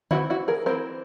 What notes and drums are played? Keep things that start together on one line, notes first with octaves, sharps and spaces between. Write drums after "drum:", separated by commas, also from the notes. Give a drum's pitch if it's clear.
E3 G#3 C4 E4 F#4, drum: tom D3
E4 F#4
G#4 A#4
E3 G#3 C4 A#4 C5